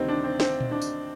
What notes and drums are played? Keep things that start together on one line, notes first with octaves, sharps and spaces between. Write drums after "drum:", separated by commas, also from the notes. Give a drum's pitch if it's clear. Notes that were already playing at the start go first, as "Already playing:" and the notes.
Already playing: D2 C3 D#3 G3 C4 D#4
D4
C4
C4, drum: snare
drum: tom A#2
D4
drum: tambourine